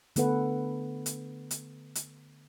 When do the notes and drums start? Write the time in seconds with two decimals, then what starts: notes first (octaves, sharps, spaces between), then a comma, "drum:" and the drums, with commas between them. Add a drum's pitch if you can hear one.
0.16 D3 A3 B3 A4 B4 F#5, drum: hi-hat
1.06 drum: hi-hat
1.51 drum: hi-hat
1.95 drum: hi-hat